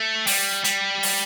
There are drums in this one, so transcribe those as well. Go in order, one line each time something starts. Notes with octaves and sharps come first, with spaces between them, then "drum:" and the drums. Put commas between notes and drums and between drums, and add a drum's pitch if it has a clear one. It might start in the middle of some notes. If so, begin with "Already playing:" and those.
Already playing: A3
G3, drum: open hi-hat
G3, drum: hi-hat
drum: open hi-hat